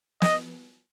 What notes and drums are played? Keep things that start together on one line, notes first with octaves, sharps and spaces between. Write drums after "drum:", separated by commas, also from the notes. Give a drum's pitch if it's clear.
D#5, drum: snare